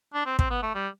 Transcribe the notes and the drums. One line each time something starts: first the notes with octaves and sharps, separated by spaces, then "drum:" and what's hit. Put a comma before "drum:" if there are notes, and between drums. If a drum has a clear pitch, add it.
D4
C4
C4, drum: kick
B3
A3
G3